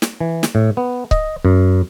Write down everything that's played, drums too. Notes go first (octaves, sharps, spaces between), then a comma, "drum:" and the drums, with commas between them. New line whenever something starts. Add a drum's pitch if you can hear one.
drum: snare
E3
drum: snare
A2
B3
D#5, drum: kick C#1
F#2